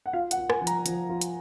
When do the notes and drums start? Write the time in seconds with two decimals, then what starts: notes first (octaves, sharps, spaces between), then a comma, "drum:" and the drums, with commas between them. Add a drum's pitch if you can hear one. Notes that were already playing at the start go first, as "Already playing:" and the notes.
0.06 F#5
0.13 F4 F5
0.31 F#5, drum: hi-hat
0.37 F4
0.50 G#5, drum: rim click
0.61 F3
0.67 A#5, drum: hi-hat
0.86 F3, drum: hi-hat
1.09 F4
1.21 drum: hi-hat